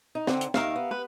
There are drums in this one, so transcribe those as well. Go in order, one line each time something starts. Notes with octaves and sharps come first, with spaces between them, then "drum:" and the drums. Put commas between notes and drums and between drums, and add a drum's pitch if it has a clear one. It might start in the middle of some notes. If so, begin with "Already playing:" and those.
D#4
D3 C4, drum: snare
drum: hi-hat
D#2 D#3 A#4 E5 F5, drum: snare
B3
B4